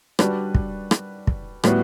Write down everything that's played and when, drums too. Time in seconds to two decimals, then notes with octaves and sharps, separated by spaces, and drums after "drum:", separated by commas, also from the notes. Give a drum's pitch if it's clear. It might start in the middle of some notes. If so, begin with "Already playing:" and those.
0.19 G3 D4 F#4 B4, drum: rim click
0.55 drum: kick
0.91 drum: rim click
1.27 drum: kick
1.64 A2 G3 B3 F#4 B4, drum: rim click